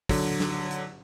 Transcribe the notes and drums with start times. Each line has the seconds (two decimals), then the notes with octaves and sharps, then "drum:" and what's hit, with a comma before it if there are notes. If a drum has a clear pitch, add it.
0.09 D3 F#3, drum: kick, open hi-hat
0.40 drum: snare
0.71 drum: hi-hat